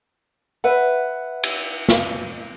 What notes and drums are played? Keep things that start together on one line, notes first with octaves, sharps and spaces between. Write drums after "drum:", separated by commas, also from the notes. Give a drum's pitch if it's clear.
B4 E5 F#5
drum: cymbal
drum: snare